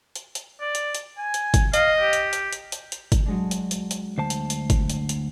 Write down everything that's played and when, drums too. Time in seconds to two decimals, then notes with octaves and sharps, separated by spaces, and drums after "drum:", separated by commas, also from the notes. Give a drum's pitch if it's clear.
0.16 drum: hi-hat
0.35 drum: hi-hat
0.61 D5
0.75 drum: hi-hat
0.95 drum: hi-hat
1.18 G#5
1.34 drum: hi-hat
1.54 drum: kick, hi-hat
1.74 D#5 F5, drum: hi-hat
1.99 G4
2.13 drum: hi-hat
2.33 drum: hi-hat
2.53 drum: hi-hat
2.72 drum: hi-hat
2.92 drum: hi-hat
3.12 drum: kick, hi-hat
3.26 F#3 G#3 D4
3.51 drum: hi-hat
3.71 drum: hi-hat
3.91 drum: hi-hat
4.18 D2 C5 A5
4.30 drum: hi-hat
4.50 drum: hi-hat
4.70 drum: kick, hi-hat
4.90 drum: hi-hat
5.09 drum: hi-hat